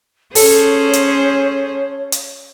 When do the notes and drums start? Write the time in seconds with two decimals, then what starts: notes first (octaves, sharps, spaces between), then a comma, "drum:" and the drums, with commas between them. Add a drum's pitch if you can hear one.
0.35 C#4 G#4 A4 C5 C#5, drum: open hi-hat
0.93 drum: hi-hat
2.12 drum: hi-hat